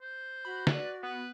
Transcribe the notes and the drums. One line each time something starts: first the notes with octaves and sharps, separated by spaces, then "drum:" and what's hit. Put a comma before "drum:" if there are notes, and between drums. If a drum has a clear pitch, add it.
C5
F#4 B5
B4 D5, drum: snare
B3 B4